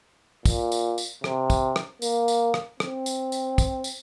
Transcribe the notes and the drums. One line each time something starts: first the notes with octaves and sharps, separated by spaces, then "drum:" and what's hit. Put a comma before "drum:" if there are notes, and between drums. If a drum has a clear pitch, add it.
A#2, drum: kick, tambourine
drum: tambourine
drum: tambourine
C3, drum: rim click
drum: kick, tambourine
drum: rim click
A#3, drum: tambourine
drum: tambourine
drum: rim click
C4, drum: rim click
drum: tambourine
drum: tambourine
drum: kick, tambourine
drum: tambourine